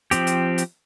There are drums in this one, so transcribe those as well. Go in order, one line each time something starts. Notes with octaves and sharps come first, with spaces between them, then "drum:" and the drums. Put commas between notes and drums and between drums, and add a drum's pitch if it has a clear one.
F3 C4 G4, drum: hi-hat
drum: hi-hat
drum: hi-hat